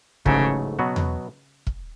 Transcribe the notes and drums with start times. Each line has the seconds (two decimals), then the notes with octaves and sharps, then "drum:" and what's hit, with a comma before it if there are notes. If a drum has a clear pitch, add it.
0.26 A1 G#2 C#3 F#3 A3, drum: kick
0.79 B2 F#3 B3 F#4
0.96 drum: tom E2
1.67 drum: kick